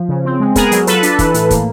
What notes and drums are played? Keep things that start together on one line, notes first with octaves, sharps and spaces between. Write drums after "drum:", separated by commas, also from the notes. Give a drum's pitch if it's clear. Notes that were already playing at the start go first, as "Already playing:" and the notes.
Already playing: F3
C#3
C4
G#3
B3 G#4 A#4, drum: kick, hi-hat
F#3, drum: hi-hat
F4 A4 B4, drum: hi-hat
D4, drum: hi-hat
E3, drum: kick, hi-hat
A2, drum: hi-hat
A#3, drum: kick, hi-hat